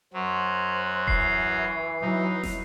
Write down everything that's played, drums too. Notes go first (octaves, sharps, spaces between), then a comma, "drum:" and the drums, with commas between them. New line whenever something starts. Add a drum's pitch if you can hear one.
F#2 F#3 C5
E3 C7, drum: kick D#1
F#3 D#4 E4
drum: snare